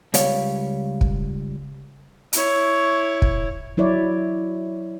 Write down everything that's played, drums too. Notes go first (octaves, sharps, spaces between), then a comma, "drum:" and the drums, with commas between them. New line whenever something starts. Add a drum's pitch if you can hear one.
C#2 G3 C#5 F5, drum: hi-hat
drum: kick
E4 C#5, drum: hi-hat
drum: kick
F#3 E4 C#5 D5